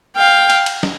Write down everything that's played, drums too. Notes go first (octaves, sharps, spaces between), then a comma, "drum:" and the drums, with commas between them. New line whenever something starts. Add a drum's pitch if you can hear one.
F5 G5
drum: cymbal
drum: cymbal
drum: snare